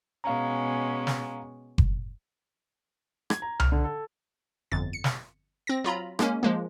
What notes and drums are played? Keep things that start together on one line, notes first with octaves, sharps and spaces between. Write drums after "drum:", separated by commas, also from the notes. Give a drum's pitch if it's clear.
B2 G#3 C#4 F5 A#5
drum: snare
drum: kick F#1
G#6, drum: rim click
A#5
F6, drum: tom C2
D3
A4
G1 F2 A6
C#7
drum: snare
C4 A#6
F#3 F4 A#5 B5
G#3 A#3 C#4, drum: rim click
F3 G#3 A#3